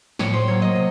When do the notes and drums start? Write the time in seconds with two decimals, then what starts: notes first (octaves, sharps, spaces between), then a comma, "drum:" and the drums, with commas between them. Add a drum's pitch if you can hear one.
0.19 A2 C#5, drum: snare
0.33 C5
0.47 F#3 A#3 C#5
0.62 D#5
0.75 C3